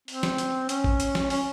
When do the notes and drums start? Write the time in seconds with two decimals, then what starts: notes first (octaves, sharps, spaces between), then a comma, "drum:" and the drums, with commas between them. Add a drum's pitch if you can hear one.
0.08 C4, drum: open hi-hat
0.23 drum: snare
0.38 drum: hi-hat
0.69 C#4, drum: hi-hat
0.84 drum: kick
1.00 drum: hi-hat
1.15 drum: snare
1.30 C#4, drum: open hi-hat